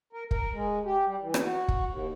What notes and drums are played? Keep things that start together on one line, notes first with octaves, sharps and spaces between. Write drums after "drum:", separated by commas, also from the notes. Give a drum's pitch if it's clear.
A#4
A#4, drum: kick
G#3
G4
G3
E3
drum: rim click
F#4
drum: kick
D#2